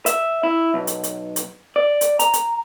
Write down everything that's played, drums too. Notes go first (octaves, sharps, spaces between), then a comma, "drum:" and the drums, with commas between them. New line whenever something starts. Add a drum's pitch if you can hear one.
E5, drum: hi-hat
E4
B1
drum: hi-hat
drum: hi-hat
drum: hi-hat
D5
drum: hi-hat
A#5, drum: hi-hat
drum: hi-hat